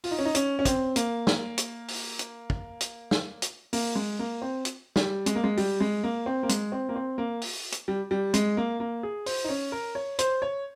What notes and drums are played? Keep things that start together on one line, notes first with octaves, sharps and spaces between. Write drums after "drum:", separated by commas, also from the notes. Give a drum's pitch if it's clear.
F4, drum: open hi-hat
D#4
C#4
D#4
C#4, drum: hi-hat
C#4
C4, drum: kick, hi-hat
A#3, drum: hi-hat
drum: snare
drum: hi-hat
drum: open hi-hat
drum: hi-hat
drum: kick
drum: hi-hat
drum: snare
drum: hi-hat
A#3, drum: open hi-hat
G#3
A#3
C4
drum: hi-hat
G3, drum: snare
G#3, drum: hi-hat
A#3
G#3
G3, drum: open hi-hat
G#3
A#3
C4
A#3
G#3, drum: hi-hat
C4
A#3
C4
A#3
drum: open hi-hat
drum: hi-hat
G3
G3
G#3, drum: hi-hat
A#3
A#3
G#4
C5, drum: open hi-hat
D#4
C#4
A#4
C#5
C5, drum: hi-hat
C#5